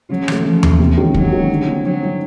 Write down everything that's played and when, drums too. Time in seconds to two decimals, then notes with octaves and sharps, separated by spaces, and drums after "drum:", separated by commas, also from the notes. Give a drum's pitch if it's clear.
0.09 C#3 F#3
0.28 E3 A3, drum: rim click
0.44 C#3 F3
0.63 E3 A3, drum: tom D#2
0.79 C3
0.97 D#3 G#3 C#4 F#4
1.14 C3 F#3, drum: kick
1.32 D#3 G#3 C#4 F#4
1.50 D3
1.67 G3 C4 E4
1.85 D3 F#3
2.02 G3 C4 E4